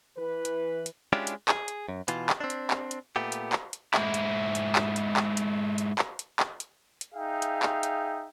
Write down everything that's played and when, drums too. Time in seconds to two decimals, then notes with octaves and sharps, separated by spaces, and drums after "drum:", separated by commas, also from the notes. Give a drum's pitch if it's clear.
0.16 E3 B4
0.45 drum: hi-hat
0.86 drum: hi-hat
1.13 G#3 C#4 D4 E4 F4 G4
1.27 drum: hi-hat
1.48 G#4, drum: clap
1.68 drum: hi-hat
1.88 F#2
2.08 B2 E3 F4, drum: hi-hat
2.30 drum: clap
2.40 C4 D4
2.50 drum: hi-hat
2.71 drum: clap
2.91 drum: hi-hat
3.16 A#2 A3 B3 G4
3.32 drum: hi-hat
3.53 drum: clap
3.73 drum: hi-hat
3.94 G#2 E4, drum: clap
4.14 drum: hi-hat
4.55 drum: hi-hat
4.76 drum: clap
4.96 drum: hi-hat
5.17 drum: clap
5.37 drum: hi-hat
5.78 drum: hi-hat
5.99 drum: clap
6.19 drum: hi-hat
6.40 drum: clap
6.60 drum: hi-hat
7.01 drum: hi-hat
7.14 D#4 G#4 E5 F5 G5
7.42 drum: hi-hat
7.63 drum: clap
7.83 drum: hi-hat